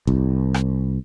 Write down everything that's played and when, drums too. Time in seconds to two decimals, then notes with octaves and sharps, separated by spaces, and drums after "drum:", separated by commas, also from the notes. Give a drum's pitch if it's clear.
0.07 C2, drum: kick G#1
0.54 drum: rim click